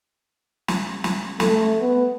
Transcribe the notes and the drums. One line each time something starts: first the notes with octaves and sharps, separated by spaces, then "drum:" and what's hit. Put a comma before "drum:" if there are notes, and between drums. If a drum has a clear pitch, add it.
drum: snare
drum: snare
A3, drum: snare
B3